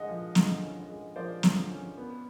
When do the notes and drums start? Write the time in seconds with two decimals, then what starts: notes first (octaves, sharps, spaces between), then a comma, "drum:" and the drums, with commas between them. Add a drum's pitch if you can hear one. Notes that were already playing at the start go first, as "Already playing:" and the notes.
Already playing: D3 G#3 D#5 F#5
0.08 F3
0.35 D3, drum: snare
0.63 C#4
0.89 G#3
1.16 F3 C5 D5
1.43 D3, drum: snare
1.70 C#4
1.98 B3